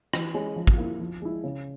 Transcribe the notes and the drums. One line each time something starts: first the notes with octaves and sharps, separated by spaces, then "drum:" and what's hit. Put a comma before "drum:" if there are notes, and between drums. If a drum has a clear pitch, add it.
E3, drum: rim click
G#3 C#4
F3
drum: kick
A#3 E4
F3
G#3 E4
C#3